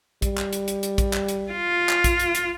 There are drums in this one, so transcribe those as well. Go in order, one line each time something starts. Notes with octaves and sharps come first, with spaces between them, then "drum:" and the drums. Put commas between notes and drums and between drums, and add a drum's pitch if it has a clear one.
G3, drum: kick, hi-hat
drum: clap
drum: hi-hat
drum: hi-hat
drum: hi-hat
drum: kick, hi-hat
drum: clap
drum: hi-hat
F4
drum: clap
drum: kick, hi-hat
drum: hi-hat
drum: hi-hat